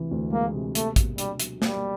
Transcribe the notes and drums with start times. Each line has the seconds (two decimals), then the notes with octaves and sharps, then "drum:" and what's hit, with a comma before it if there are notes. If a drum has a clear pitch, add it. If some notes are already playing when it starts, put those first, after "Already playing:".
Already playing: D2 C3 E3
0.11 D2
0.32 G#3 A#3
0.53 C3
0.75 A3 A#3, drum: hi-hat
0.96 B2, drum: kick, hi-hat
1.18 G3 D4, drum: hi-hat
1.40 F#3, drum: hi-hat
1.62 G3 A#3, drum: snare